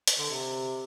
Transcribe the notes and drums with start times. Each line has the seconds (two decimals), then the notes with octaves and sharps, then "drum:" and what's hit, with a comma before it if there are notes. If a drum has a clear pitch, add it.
0.08 drum: hi-hat
0.18 D3
0.30 C3